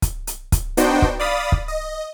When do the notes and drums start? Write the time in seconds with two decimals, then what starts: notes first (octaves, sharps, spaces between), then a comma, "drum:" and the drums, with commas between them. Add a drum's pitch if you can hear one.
0.02 drum: kick, hi-hat
0.27 drum: hi-hat
0.52 drum: kick, hi-hat
0.77 B3 D4 D#4 F#4 C5 G5, drum: hi-hat
1.02 drum: kick
1.19 D5 F5 B5 D#6 A6
1.52 drum: kick
1.68 D#5